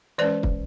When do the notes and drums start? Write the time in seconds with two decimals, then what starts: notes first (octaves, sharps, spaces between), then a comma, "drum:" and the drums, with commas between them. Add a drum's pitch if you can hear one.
0.18 E3 G#3 C#4 B4 D5
0.43 drum: kick